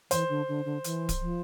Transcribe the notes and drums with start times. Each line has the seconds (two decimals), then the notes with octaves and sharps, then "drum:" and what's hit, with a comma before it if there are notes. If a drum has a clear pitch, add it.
0.11 E3 C5, drum: hi-hat
0.29 D3
0.48 D3
0.65 D3
0.84 E3, drum: hi-hat
1.09 drum: kick D1, hi-hat
1.21 F3